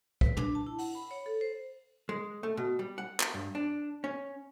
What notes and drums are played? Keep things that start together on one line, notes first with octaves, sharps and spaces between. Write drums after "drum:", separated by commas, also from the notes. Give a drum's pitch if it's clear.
B4, drum: kick
D4, drum: tom
A5
E4
F#5, drum: open hi-hat
B5
C#5
A4
C5
G#3
A3
B2
G3
F#5
drum: clap
G2
D4
C#4